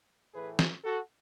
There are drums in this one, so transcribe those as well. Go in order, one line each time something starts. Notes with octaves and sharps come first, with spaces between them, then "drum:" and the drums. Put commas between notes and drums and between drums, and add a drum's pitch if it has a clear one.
A2 E3 A3 G#4 B4
drum: snare
F#4 A4